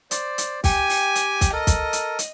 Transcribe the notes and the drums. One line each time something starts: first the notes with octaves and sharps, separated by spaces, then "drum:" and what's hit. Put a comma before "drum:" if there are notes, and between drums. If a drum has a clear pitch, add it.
C5 D5, drum: hi-hat
drum: hi-hat
G4 G5 G#5, drum: kick, open hi-hat
drum: open hi-hat
drum: hi-hat
drum: kick, hi-hat
A4 A#4 D#5
drum: kick, hi-hat
drum: hi-hat
drum: hi-hat